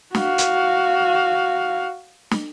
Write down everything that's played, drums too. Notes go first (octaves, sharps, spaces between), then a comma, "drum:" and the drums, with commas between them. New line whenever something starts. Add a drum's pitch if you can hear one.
F#4 F5, drum: snare
drum: hi-hat
drum: snare